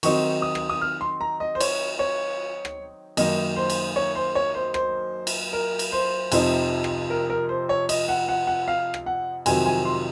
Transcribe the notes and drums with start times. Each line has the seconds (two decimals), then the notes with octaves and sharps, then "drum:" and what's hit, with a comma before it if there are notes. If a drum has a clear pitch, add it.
0.03 D#3 F#3 C4 D#4 C#6, drum: cymbal
0.42 D#6
0.55 drum: rim click
0.69 D#6
0.81 F6
1.01 C6
1.21 A#5
1.40 D#5
1.55 C5
1.60 C#5, drum: cymbal
1.99 C#5
2.65 drum: rim click
3.17 F#2 D#3 A#3 D#4 D#5, drum: cymbal
3.56 C5
3.70 drum: cymbal
3.96 C#5
4.15 C5
4.35 C#5
4.55 C5
4.74 C5, drum: rim click
5.27 drum: cymbal
5.53 A#4
5.79 drum: cymbal
5.92 C5
6.32 F2 C3 F3 C4 D#4, drum: cymbal
6.84 drum: rim click
7.10 A#4
7.30 A#4
7.49 C5
7.69 C#5
7.89 D#5, drum: cymbal
8.09 F#5
8.28 F#5
8.47 F#5
8.68 F5
8.94 drum: rim click
9.06 F#5
9.46 F2 C3 D#3 F#3 C4 G#5, drum: cymbal
9.66 G#5
9.85 C6